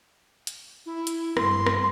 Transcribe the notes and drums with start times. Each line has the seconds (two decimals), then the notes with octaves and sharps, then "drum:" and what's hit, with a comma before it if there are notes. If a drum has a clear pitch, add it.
0.47 drum: hi-hat
0.86 E4
1.07 drum: hi-hat
1.37 G2 C6, drum: rim click
1.66 drum: rim click